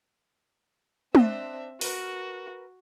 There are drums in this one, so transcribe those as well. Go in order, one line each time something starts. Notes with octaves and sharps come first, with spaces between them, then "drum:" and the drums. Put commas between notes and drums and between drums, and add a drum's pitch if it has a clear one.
C4 D4 C5 D#5 E5, drum: tom
F#4 A#4 B4, drum: open hi-hat